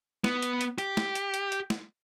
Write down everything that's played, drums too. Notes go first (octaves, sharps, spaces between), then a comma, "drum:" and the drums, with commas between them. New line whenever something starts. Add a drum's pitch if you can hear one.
B3, drum: snare
drum: hi-hat
drum: hi-hat
G4, drum: hi-hat
drum: snare
drum: hi-hat
drum: hi-hat
drum: hi-hat
drum: snare